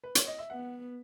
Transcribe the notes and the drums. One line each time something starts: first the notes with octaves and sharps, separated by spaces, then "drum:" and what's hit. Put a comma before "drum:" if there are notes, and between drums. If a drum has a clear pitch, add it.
B4
C#5, drum: hi-hat
D#5
E5
B3 F#5